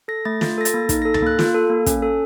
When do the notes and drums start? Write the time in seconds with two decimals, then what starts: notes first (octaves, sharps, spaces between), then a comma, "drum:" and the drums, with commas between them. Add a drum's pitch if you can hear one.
0.08 A4 A#6
0.25 A3 A6
0.41 F4 A6, drum: snare
0.58 A4 A#6
0.65 A6, drum: hi-hat
0.74 A#3
0.89 D#4, drum: kick, hi-hat
1.02 A#6
1.05 A4
1.14 A6, drum: tom C#2
1.22 A#3 F#6
1.39 F4, drum: snare
1.54 A4
1.70 A#3
1.86 C#4, drum: kick, hi-hat
2.02 A4